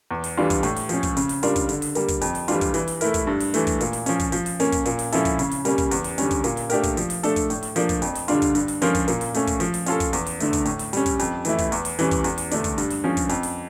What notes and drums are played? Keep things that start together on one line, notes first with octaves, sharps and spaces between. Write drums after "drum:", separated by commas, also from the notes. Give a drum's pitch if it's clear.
E2
drum: open hi-hat
E3 G3 D4 F4
drum: kick, hi-hat
A2, drum: hi-hat
drum: open hi-hat
F3 C#4, drum: hi-hat
drum: kick, hi-hat
C#3, drum: hi-hat
drum: open hi-hat
G3 D4 F4 A#4, drum: hi-hat
drum: kick, hi-hat
D3, drum: hi-hat
drum: open hi-hat
G3 A#3, drum: hi-hat
drum: kick, hi-hat
F2, drum: hi-hat
drum: open hi-hat
E3 G3 D4 F4, drum: hi-hat
drum: kick, hi-hat
E3, drum: hi-hat
drum: open hi-hat
A3 E4 A#4, drum: hi-hat
drum: kick, hi-hat
G2
drum: open hi-hat
E3 A3, drum: hi-hat
drum: kick, hi-hat
A#2, drum: hi-hat
drum: open hi-hat
F3 C#4, drum: hi-hat
drum: kick, hi-hat
F3, drum: hi-hat
drum: open hi-hat
A#3 C#4, drum: hi-hat
drum: kick, hi-hat
A#2, drum: hi-hat
drum: open hi-hat
F3 C#4 E4 A4, drum: hi-hat
drum: kick, hi-hat
C#3, drum: hi-hat
drum: open hi-hat
G3 A#3 C#4, drum: hi-hat
drum: kick, hi-hat
E2, drum: hi-hat
drum: open hi-hat
D3 G3 C#4, drum: hi-hat
drum: kick, hi-hat
A#2, drum: hi-hat
drum: open hi-hat
A3 D4 G4 A#4, drum: hi-hat
drum: kick, hi-hat
F3, drum: hi-hat
drum: open hi-hat
A3 D4 A4, drum: hi-hat
drum: kick, hi-hat
A2, drum: hi-hat
drum: open hi-hat
F3 A#3 D4, drum: hi-hat
drum: kick, hi-hat
F2, drum: hi-hat
drum: open hi-hat
D3 G3 D4 F4, drum: hi-hat
drum: kick, hi-hat
G2, drum: hi-hat
drum: open hi-hat
F3 C#4 F4 A#4, drum: hi-hat
drum: kick, hi-hat
A#2, drum: hi-hat
drum: open hi-hat
A3 C#4, drum: hi-hat
drum: kick, hi-hat
F3, drum: hi-hat
drum: open hi-hat
C#4 F4 A4, drum: hi-hat
drum: kick, hi-hat
E2, drum: hi-hat
drum: open hi-hat
D3 A3, drum: hi-hat
drum: kick, hi-hat
A2, drum: hi-hat
drum: open hi-hat
G3 C#4, drum: hi-hat
drum: kick, hi-hat
F2, drum: hi-hat
E3 A3 E4, drum: hi-hat
drum: kick, hi-hat
E2, drum: hi-hat
drum: open hi-hat
E3 G3 C#4, drum: hi-hat
drum: kick, hi-hat
E2, drum: hi-hat
drum: open hi-hat
D3 A3 D4, drum: hi-hat
drum: kick, hi-hat
G2, drum: hi-hat
drum: open hi-hat
F3 C#4
drum: kick, hi-hat
F2, drum: hi-hat
drum: open hi-hat